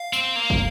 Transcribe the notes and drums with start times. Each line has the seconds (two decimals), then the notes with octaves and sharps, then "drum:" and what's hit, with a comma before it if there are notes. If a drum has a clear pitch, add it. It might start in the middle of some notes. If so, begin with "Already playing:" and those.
Already playing: F5
0.13 C4, drum: tambourine
0.36 A#3
0.50 drum: kick